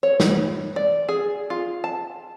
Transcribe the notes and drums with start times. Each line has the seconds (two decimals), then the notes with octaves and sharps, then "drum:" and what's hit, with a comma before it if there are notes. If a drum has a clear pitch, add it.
0.03 C#5
0.20 B4, drum: snare
0.76 D5
1.09 G#4
1.50 F4
1.84 A5